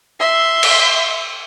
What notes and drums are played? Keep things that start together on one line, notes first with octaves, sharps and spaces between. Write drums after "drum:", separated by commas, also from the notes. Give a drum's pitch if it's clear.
E5 C6
drum: cymbal